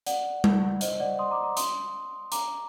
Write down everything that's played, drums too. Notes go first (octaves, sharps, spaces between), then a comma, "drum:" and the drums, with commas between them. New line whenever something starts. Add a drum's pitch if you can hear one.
D5 F#5, drum: hi-hat
drum: tom G3
C5 D#5, drum: hi-hat
D5 F#5
C6 D#6
A#5 D6
A#5 D6
C6 D#6, drum: hi-hat
A#5 D6, drum: hi-hat